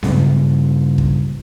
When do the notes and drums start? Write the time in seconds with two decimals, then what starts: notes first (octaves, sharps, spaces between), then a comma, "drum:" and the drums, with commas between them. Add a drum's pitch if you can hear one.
0.03 G2 C#3 C4 C#4, drum: snare B3
0.98 drum: kick